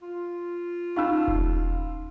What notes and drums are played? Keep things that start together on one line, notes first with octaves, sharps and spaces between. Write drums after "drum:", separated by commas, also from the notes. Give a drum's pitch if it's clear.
F4
C#4 D#4 F5 B5 C#6 E6
drum: kick E1